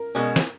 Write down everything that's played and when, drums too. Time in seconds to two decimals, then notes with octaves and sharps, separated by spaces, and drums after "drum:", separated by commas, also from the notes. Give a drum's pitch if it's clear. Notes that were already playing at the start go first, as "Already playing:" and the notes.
Already playing: A#4
0.15 B2 G#3 C#4 F#4 A#4
0.36 drum: snare